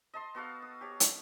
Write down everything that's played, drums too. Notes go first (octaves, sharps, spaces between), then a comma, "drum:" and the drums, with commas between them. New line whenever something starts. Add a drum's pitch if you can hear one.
D#5 A5 C6
B3 F#4 A4 F5
D#6
G4 C#5
drum: hi-hat